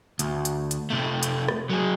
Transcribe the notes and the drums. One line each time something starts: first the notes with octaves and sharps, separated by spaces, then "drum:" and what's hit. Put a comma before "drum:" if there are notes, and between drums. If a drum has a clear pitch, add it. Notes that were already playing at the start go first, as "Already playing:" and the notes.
D2, drum: hi-hat
drum: hi-hat
drum: hi-hat
C3 A3
drum: hi-hat
drum: rim click
F#3 G#4